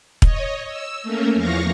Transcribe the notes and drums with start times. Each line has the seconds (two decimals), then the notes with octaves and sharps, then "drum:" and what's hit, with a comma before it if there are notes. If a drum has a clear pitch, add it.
0.22 C#5 D#5, drum: kick
0.68 E6
1.03 A3 A#3 C#4 A#4
1.35 E2 E3 F3 F5 C#6 A#6